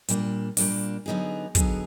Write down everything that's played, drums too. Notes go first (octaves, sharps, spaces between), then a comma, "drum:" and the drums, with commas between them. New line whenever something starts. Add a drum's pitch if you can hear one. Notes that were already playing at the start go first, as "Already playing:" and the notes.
A#2 G3 A#3 D4, drum: hi-hat
A#2 G3 A#3 D4, drum: open hi-hat
D3 F#3 B3 D#4 G#4
D3 F#3 B3 D#4 G#4, drum: kick, hi-hat